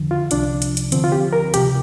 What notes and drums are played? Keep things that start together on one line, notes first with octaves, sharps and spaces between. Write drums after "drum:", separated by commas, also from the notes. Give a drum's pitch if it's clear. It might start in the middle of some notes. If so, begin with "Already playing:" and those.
Already playing: F2 D3 F3
F4
C2 C3 F3 D4, drum: hi-hat
drum: hi-hat
drum: hi-hat
D2 D3 F3 C4, drum: hi-hat
F4
G4
A#4
D2 C3 F3 G4, drum: hi-hat